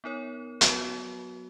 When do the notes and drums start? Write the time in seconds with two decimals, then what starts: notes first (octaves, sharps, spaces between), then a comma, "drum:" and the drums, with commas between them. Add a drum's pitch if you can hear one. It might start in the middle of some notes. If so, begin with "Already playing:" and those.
0.04 B3 D#4 A#4 C#5
0.61 F#3 B3 F#4, drum: hi-hat